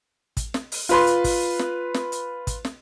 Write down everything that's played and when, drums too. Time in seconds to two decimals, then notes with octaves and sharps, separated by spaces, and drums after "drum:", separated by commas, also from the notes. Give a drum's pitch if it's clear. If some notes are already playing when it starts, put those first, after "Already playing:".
0.37 drum: kick, hi-hat
0.54 drum: snare
0.72 drum: open hi-hat
0.89 F4 B4 C6, drum: hi-hat
1.07 drum: hi-hat
1.24 drum: kick, open hi-hat
1.59 drum: snare
1.94 drum: snare
2.12 drum: hi-hat
2.47 drum: kick, hi-hat
2.65 drum: snare